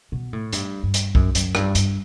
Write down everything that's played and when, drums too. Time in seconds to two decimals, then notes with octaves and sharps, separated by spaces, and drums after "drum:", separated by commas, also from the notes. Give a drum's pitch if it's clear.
0.12 B2
0.33 A2
0.53 G2, drum: hi-hat
0.83 G2
0.94 drum: hi-hat
1.15 F#2, drum: kick B1
1.35 F#2, drum: hi-hat
1.55 G2, drum: rim click
1.75 G2, drum: hi-hat